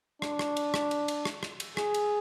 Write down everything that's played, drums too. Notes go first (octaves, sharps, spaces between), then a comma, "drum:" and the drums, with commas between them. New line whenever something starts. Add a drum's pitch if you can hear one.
D4, drum: rim click
drum: rim click
drum: cymbal
drum: rim click
drum: cymbal
drum: cymbal
drum: rim click
drum: rim click
drum: cymbal
G#4, drum: rim click
drum: cymbal